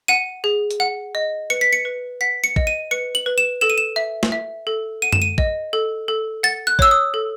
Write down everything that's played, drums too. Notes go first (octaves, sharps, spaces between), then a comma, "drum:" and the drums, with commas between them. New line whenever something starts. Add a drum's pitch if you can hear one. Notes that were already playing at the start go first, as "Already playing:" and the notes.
F#5 D#7
G#4
drum: hi-hat
F#5
D#5
B4 C#7
B6
C#7
B4
F#5 B6
C#7
D#5, drum: kick
D#7
B4 C#7
F#7
B4
E7
A4 E7
D#7
E7
E5
drum: snare
E5
A4
F#5 D#7
E7, drum: tom F#2
D#7
D#5, drum: kick
A4
A4
F#5 A6
F#6
C#5 E6, drum: kick
D#6
A4